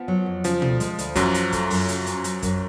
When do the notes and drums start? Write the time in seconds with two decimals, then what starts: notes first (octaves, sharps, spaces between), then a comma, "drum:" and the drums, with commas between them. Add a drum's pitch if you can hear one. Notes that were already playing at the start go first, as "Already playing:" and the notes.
Already playing: F3 B3
0.08 F#3
0.26 F2
0.44 C#3 F3, drum: hi-hat
0.62 D2, drum: tom
0.80 G#3, drum: hi-hat
0.99 D2, drum: hi-hat
1.16 F#2 F3 F#3, drum: kick, hi-hat
1.34 F4, drum: hi-hat
1.52 A3, drum: kick, hi-hat
1.70 F#2, drum: open hi-hat
1.88 C#3, drum: hi-hat
2.06 C#4, drum: hi-hat
2.24 F#3, drum: hi-hat
2.42 F#2, drum: kick, hi-hat